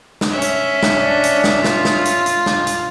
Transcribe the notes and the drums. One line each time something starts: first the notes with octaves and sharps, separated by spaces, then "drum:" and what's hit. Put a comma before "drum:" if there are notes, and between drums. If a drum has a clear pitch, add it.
drum: snare
C#4 E5
drum: hi-hat
drum: snare
D4
drum: hi-hat
drum: snare
F4, drum: snare
drum: snare
drum: hi-hat
drum: hi-hat
drum: snare
drum: hi-hat